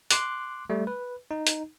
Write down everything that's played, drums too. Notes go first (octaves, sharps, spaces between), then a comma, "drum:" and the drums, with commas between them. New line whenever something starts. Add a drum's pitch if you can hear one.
C6 D6 F#6, drum: hi-hat
G3 A3
B4
D#4
drum: hi-hat